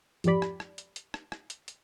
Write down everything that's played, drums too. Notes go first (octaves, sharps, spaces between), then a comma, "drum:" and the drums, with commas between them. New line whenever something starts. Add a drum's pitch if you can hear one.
F2 G#2 F3 G4 D5 B5, drum: hi-hat
drum: rim click
drum: rim click
drum: hi-hat
drum: hi-hat
drum: rim click
drum: rim click
drum: hi-hat
drum: hi-hat